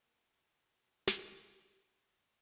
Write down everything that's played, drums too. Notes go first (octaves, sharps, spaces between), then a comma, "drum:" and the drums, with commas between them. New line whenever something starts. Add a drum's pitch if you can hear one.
B2 A#3
drum: snare